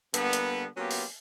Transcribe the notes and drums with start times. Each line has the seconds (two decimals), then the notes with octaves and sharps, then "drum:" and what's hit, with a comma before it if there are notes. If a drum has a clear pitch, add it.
0.14 D3 G3 A#3 B3, drum: hi-hat
0.33 drum: hi-hat
0.77 F#3 A#3 B3 C#4 F4 G4
0.91 drum: open hi-hat